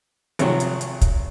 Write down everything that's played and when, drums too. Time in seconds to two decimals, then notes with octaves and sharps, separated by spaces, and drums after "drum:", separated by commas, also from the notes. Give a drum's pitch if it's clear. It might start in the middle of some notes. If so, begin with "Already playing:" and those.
0.39 G#1 C3 F3 F#3, drum: hi-hat
0.60 drum: hi-hat
0.81 drum: hi-hat
1.01 drum: kick, hi-hat